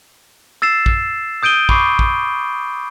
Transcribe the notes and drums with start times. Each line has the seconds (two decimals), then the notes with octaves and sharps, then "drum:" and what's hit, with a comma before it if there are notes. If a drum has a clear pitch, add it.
0.62 E6 A6 C7 E7
0.86 drum: kick
1.43 D#6 G6 D7 D#7 G7
1.69 B5 C#6 D6 C7, drum: kick
1.99 drum: kick